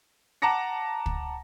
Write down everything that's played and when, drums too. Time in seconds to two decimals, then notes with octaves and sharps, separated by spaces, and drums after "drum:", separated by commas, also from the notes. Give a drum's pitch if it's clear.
0.42 F#5 A5 A#5 D6 A#6 C#7
1.06 drum: kick